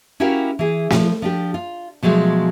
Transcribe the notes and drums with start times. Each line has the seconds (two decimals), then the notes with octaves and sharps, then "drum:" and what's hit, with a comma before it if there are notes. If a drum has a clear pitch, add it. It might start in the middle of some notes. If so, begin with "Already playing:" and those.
0.20 C#4 E4 F#4 G4 A#4 F5
0.59 E3 G#4
0.90 F3 F4, drum: snare
1.22 F3 D4 G4
1.54 F4
2.03 B2 F3 F#3 G#3 A3